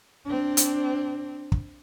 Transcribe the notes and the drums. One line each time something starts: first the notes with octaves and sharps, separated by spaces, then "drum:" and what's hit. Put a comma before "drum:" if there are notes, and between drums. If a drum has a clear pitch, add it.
C4 D4
drum: hi-hat
drum: kick